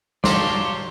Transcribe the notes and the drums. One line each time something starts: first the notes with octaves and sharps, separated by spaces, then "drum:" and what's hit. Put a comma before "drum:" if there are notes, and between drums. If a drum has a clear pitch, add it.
F#3 G4 C#5 D5 F5 A5 C6, drum: snare